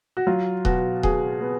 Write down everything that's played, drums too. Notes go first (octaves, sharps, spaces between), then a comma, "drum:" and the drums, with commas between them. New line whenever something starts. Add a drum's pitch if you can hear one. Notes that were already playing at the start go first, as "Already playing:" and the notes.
F#4
F#3 F4
B2 F#4, drum: kick D#1
B2 G#4, drum: kick D#1
B3